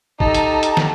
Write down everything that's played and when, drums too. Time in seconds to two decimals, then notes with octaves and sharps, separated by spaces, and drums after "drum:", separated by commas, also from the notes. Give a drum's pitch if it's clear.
0.20 D#4 G4 A4 A5 A#5, drum: kick
0.34 drum: hi-hat
0.63 drum: hi-hat
0.77 drum: snare